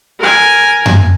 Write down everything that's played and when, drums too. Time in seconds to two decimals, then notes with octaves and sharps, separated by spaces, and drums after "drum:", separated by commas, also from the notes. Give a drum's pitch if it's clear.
0.20 A#4 G#5
0.86 drum: tom F#2